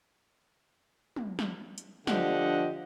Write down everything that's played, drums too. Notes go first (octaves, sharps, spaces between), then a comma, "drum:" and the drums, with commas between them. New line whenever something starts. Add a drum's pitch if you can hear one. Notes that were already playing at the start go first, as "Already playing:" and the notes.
drum: tom
drum: snare
drum: hi-hat
D3 F3 D4 G4 D#5 F#5, drum: snare